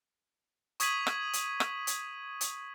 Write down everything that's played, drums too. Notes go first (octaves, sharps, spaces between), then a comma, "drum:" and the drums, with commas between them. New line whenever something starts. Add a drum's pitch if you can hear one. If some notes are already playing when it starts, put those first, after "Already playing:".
C#6 D#6 G#6 B6 D#7 F#7, drum: hi-hat
drum: rim click
drum: hi-hat
drum: rim click
drum: hi-hat
drum: hi-hat